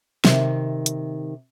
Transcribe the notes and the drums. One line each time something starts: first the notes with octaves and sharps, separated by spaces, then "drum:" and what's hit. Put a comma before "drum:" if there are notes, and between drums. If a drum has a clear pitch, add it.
C3 D#3, drum: snare
drum: hi-hat